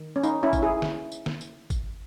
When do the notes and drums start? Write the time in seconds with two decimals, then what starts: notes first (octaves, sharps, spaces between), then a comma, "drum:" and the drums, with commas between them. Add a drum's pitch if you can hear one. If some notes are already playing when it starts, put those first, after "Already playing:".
Already playing: D#3
0.16 C#4
0.23 D#4, drum: tambourine
0.43 C#4 E4
0.53 drum: kick, tambourine
0.62 E4 G#4
0.82 drum: snare
1.12 drum: tambourine
1.26 drum: snare
1.41 drum: tambourine
1.70 drum: kick, tambourine